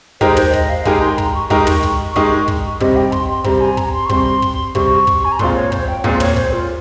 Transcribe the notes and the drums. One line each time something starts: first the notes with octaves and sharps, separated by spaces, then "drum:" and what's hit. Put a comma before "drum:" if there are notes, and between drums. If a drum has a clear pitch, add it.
G#3 D#4 G4 A#4 C5, drum: kick
C5, drum: tom
D#5, drum: kick
F5
G#3 D#4 G4 A#4 G#5, drum: kick
C6
A#5, drum: kick
C#6
G#3 D#4 G4 A#4, drum: kick
drum: tom
drum: kick
G#3 D#4 G4 A#4, drum: kick
drum: kick
C3 G3 C4 D#5, drum: kick
G5
C6, drum: kick
C6
C3 G3 C4 A#5, drum: kick
G#5
A#5, drum: kick
C6
C#6
C3 G3 C4 C6, drum: kick
drum: kick
C3 G3 C4 C#6, drum: kick
drum: kick
G#5
A#5
A#2 G#3 C4 F4 C6, drum: kick
C#5
C5, drum: kick
G5
A#2 G#3 C4 F4 F5, drum: kick
C#5, drum: tom
C5, drum: kick
F4